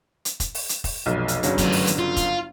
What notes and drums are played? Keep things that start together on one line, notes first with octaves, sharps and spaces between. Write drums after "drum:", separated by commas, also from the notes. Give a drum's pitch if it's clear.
drum: hi-hat
drum: kick F1, hi-hat
drum: open hi-hat
drum: hi-hat
drum: kick F1, open hi-hat
F1 B1
drum: hi-hat
G1 C#3 F#3, drum: hi-hat
F#2 B3, drum: kick F1, hi-hat
drum: open hi-hat
drum: hi-hat
F4
drum: kick F1, hi-hat